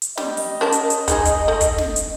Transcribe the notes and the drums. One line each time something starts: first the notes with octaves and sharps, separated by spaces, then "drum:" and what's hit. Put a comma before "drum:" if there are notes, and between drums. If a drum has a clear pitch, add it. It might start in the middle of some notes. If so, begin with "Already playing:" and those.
drum: hi-hat
G3 D#5, drum: snare
drum: open hi-hat
C#4 A#4 A5
drum: hi-hat
drum: hi-hat
G#3 D#4 G#4, drum: kick, hi-hat
drum: kick, hi-hat
A3
drum: kick, hi-hat
drum: snare
drum: hi-hat